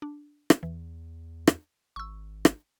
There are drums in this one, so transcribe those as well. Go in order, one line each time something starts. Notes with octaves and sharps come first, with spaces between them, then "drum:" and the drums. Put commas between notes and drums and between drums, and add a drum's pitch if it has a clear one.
D4
drum: rim click
E2 E3
drum: rim click
G#1 C#6 E6
drum: rim click